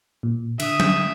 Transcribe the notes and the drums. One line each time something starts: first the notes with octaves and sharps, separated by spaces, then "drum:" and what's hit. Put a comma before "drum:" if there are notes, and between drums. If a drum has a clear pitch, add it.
A#2
D3 E5 D#6, drum: cymbal
drum: tom